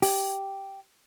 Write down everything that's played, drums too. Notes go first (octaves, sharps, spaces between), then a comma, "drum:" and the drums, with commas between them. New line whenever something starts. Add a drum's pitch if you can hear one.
G4, drum: open hi-hat